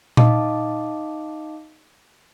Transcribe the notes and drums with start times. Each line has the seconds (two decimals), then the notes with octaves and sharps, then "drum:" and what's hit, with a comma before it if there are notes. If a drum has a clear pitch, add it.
0.17 D#4 D#5 F5 A5 D6, drum: tom A#2